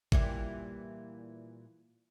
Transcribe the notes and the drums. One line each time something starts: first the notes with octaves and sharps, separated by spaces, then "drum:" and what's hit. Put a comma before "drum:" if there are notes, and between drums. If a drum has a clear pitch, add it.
A#2 E3 G3, drum: kick G#1